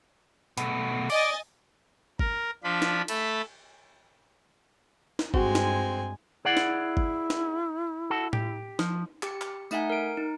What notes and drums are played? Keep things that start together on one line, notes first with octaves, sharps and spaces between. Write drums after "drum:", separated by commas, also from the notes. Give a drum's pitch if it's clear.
B2 A3, drum: hi-hat
D5 D#5 G#5 A6, drum: open hi-hat
A#4, drum: kick G#1
F3 D4 F4 B5
drum: snare
A3 A5 B5, drum: cymbal
drum: snare
G2 G#3 C4 F#4 G#5, drum: kick G#1
drum: snare
E4 G#4 D5 F#5
drum: snare
drum: kick G#1
drum: snare
F#4 A4
G4, drum: tom A2
F3, drum: snare
G4 C#7, drum: clap
drum: clap
A3 D#4 E5 F#5 G#5, drum: tambourine
A#4 D7
D#4